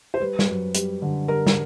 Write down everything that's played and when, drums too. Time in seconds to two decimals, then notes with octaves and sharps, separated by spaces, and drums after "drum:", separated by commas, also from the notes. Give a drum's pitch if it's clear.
0.14 C5
0.20 G3 B4
0.39 drum: snare
0.48 F#2
0.74 G3, drum: hi-hat
1.02 D3
1.28 G3 A#4
1.47 drum: snare